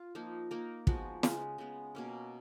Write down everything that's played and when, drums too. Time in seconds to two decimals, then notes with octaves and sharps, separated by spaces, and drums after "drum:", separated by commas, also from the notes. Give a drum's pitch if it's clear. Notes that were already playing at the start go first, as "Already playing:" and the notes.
Already playing: F4
0.15 F3 A#3 D#4
0.51 A#3 D#4 A#4
0.87 F3 G#3 B3 F#4, drum: kick
1.23 C#3 G#3 B3, drum: snare
1.58 C#3 G#3 B3
1.95 B2 A#3 C#4